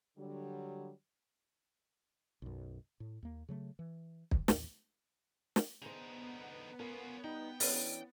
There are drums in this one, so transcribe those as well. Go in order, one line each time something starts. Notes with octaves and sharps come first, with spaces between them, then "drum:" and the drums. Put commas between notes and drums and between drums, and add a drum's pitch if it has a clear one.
D3 F#3 G3
B1 F#2
A2
D#2 A#3
C#3 F#3 A3
E3
drum: kick
D#1 A1 D#2, drum: snare
drum: snare
D3 B3 D#4 G#4 C5
C#4 F4 A#4
G3 D#4 G5
E3 C#4 D4 A6, drum: open hi-hat